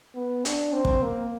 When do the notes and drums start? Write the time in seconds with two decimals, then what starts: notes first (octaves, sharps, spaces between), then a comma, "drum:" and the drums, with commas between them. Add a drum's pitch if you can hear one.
0.16 B3
0.45 D4, drum: hi-hat
0.73 C4
0.85 drum: kick
1.02 A#3